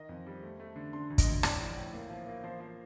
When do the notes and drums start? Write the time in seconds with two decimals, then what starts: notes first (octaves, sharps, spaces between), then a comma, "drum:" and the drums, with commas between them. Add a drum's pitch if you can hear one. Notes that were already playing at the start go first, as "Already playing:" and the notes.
Already playing: D#3 D#5
0.09 F2
0.27 G3
0.43 A3
0.60 A3
0.76 D3
0.93 D3 C6
1.10 D2
1.18 D#5, drum: kick, hi-hat
1.27 D2
1.43 A2 D5, drum: rim click
1.59 A#1
1.76 A2
1.94 A#3
2.10 F3
2.27 A#3
2.44 F3 C5
2.60 F3